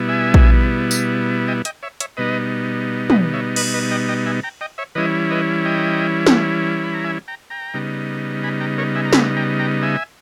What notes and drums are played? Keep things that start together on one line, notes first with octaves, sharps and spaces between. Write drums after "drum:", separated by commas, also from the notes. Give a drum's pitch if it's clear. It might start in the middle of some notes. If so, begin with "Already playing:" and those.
Already playing: B2 G3 B3 E4
E5 G#5
drum: kick A#1
drum: tambourine
D#5 G5
D#5 G5, drum: hi-hat
C#5 E5
C#5 E5, drum: hi-hat
B2 G3 B3 D#4 B4 D#5
B4 D#5, drum: tom
C#5 E5
B4 D#5, drum: cymbal
B4 D#5
D#5 G5
D#5 G5
E5 G#5
G5 A#5
D#5 G5
C#5 E5
E3 G3 C#4 E4 B4 D#5
B4 D#5
D#5 G5
drum: snare
B5
A#5
E5 G#5
G5 A#5
G5 A#5
C#3 G3 B3 D#4
G#5 B5
G5 A#5
A#4 C#5
E5 G#5
A#5
G#5 B5, drum: snare
G5 A#5
G5 A#5
E5 G#5